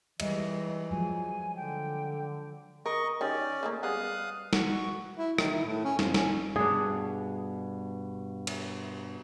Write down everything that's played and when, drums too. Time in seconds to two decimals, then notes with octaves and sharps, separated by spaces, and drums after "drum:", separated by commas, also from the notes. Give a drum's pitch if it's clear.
0.20 E3 G3 G#3 D#5 E5, drum: cymbal
0.91 F3 F#3 G#3 G#5
1.56 D3 G5
2.86 A#4 D#5 C#6
3.21 D#3 C#4 G4 D5
3.63 C#3 A3 A#3
3.83 G3 G#3 B3 F5 D#6 F#6
4.53 F#4 C#6, drum: snare
5.17 E4
5.38 D#3, drum: rim click
5.52 E4
5.66 A2
5.85 C#4
5.99 F2, drum: snare
6.14 C#4, drum: snare
6.56 G2 B2 D4 G#4
8.47 drum: cymbal